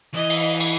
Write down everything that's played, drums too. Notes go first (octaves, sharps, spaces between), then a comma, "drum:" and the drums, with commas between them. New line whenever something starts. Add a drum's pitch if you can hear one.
E3 D#5
drum: cymbal
drum: cymbal